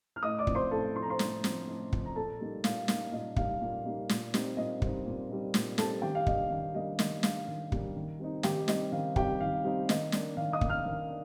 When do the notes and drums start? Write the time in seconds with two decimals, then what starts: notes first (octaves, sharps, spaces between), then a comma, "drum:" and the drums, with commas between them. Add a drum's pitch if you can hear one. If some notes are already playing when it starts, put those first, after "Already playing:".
0.16 F6
0.23 A2 D#5 D#6
0.39 D5 D6
0.47 F3 C4, drum: kick
0.55 C5 C6
0.71 A2 A4 A5
0.96 F3 C4 C6
1.02 A#5
1.10 C5 C6
1.19 A2, drum: snare
1.44 F3 C4, drum: snare
1.68 A2
1.93 F3 C4, drum: kick
2.05 A#5
2.16 A#2 A4 A5
2.41 G3 A#3 D#4
2.64 A#2 F5, drum: snare
2.88 G3 A#3 D#4 F5, drum: snare
3.12 A#2 D#5
3.36 G3 A#3 D#4 F5, drum: kick
3.61 A#2
3.85 G3 A#3 D#4
4.09 A#2, drum: snare
4.34 G3 C4 D#4, drum: snare
4.57 A#2 D#5
4.82 G3 C4 D#4, drum: kick
5.06 A#2
5.30 G3 C4 D#4
5.54 A#2, drum: snare
5.78 G3 C4 D#4 A4 A5, drum: snare
6.02 D#3 G4 G5
6.15 F5
6.27 G3 A#3 D4 D#5, drum: kick
6.50 D#3 F5
6.74 G3 A#3 D4 D#5
6.99 D#3 D#5, drum: snare
7.23 G3 A#3 D4 F5, drum: snare
7.48 D#3
7.72 G3 A#3 D4, drum: kick
7.96 D#3
8.19 G3 C4 D#4
8.43 D#3 G4 G5, drum: snare
8.68 G3 C4 D#4 D#5, drum: snare
8.92 D#3 F5
9.16 G3 C4 D#4 G4 G5, drum: kick
9.40 D#3 F5
9.65 G3 C4 D#4 D#5
9.89 D#3 D#5, drum: snare
10.12 A#3 D4, drum: snare
10.37 D#3 F5
10.52 D#5 D#6
10.61 A#3 D4, drum: kick
10.69 F5 F6
10.85 D#3
11.09 D4